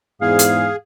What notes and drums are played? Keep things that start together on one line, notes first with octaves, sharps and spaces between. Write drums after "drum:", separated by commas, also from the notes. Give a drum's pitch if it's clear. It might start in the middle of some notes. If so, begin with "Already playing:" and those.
E2 G#2 G#4 F5
drum: hi-hat